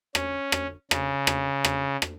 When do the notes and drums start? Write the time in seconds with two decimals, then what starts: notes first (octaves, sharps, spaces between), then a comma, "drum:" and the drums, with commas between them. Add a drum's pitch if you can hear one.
0.15 C#4, drum: rim click
0.52 drum: rim click
0.91 C#3, drum: rim click
1.27 drum: rim click
1.65 drum: rim click
2.02 drum: rim click